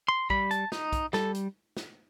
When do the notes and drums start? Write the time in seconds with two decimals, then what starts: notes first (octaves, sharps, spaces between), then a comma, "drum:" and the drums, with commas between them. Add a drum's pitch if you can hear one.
0.08 C6
0.30 G3 B5, drum: kick
0.51 A5, drum: hi-hat
0.72 D#4, drum: snare
0.93 drum: kick, hi-hat
1.13 G3 A4, drum: snare
1.35 drum: hi-hat
1.77 drum: snare